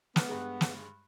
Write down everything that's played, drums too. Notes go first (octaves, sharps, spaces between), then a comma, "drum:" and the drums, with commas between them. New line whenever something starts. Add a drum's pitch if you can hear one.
B3 F6 F#6, drum: snare
G2 G#3
drum: snare